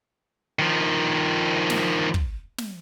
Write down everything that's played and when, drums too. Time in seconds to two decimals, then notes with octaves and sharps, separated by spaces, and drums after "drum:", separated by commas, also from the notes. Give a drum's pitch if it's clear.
0.59 D#3 F3
1.70 drum: snare
2.14 drum: kick
2.58 drum: snare